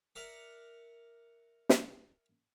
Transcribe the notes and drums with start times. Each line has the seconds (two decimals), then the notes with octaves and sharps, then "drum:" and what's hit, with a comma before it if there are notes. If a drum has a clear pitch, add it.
0.16 A#4 D5 E5 F#5
1.69 drum: snare